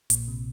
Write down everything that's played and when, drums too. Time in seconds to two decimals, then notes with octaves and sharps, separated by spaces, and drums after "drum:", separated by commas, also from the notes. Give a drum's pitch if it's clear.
0.10 A#1 A#2, drum: hi-hat
0.28 C3